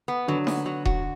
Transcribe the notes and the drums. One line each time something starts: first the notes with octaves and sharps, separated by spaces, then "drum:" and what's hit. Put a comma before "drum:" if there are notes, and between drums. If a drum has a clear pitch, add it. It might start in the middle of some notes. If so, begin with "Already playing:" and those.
B3
D3 F#3
B3, drum: snare D#4
F#3
F#4, drum: kick D#1